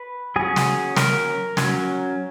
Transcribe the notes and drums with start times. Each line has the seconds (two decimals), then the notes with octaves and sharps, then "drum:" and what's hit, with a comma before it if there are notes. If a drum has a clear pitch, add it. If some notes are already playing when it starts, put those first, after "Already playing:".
Already playing: B4
0.36 F#3 C#4 G#4
0.56 drum: snare
0.96 A#4, drum: snare
1.57 F#3 C#4, drum: snare